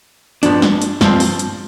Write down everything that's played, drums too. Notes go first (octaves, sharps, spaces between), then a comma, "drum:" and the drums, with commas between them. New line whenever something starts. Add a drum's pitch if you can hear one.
G2 F3 B3 D4, drum: hi-hat
drum: snare
drum: hi-hat
G2 F3 C4, drum: snare
drum: open hi-hat
drum: hi-hat